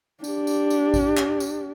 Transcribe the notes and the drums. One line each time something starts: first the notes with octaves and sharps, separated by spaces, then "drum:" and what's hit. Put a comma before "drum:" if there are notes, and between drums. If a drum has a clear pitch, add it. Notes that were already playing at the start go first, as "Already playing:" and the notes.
D4 G4, drum: tambourine
drum: tambourine
drum: tambourine
drum: kick A1, tambourine
drum: clap
drum: tambourine